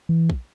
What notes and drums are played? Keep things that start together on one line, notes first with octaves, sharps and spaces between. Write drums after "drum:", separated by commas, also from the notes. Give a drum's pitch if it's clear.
E3
drum: kick